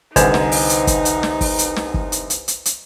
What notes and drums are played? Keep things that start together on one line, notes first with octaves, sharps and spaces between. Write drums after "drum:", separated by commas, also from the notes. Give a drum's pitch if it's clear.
C2 D3 D#4 B4 C5 G#5, drum: kick, hi-hat
drum: snare
drum: open hi-hat
drum: hi-hat
drum: kick, hi-hat
drum: hi-hat
drum: snare
drum: kick, open hi-hat
drum: hi-hat
drum: snare
drum: kick
drum: hi-hat
drum: hi-hat
drum: hi-hat
drum: hi-hat